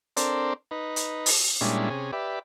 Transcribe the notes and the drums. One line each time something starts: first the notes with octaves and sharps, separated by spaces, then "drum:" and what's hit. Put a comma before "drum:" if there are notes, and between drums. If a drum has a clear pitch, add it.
C4 D4 A4 A#4 C5 D5, drum: hi-hat
D#4 B4
drum: hi-hat
drum: open hi-hat
A#2 G3 G#3 C#4 D4 E4
C3 C#4 G#4
G4 B4 D5 E5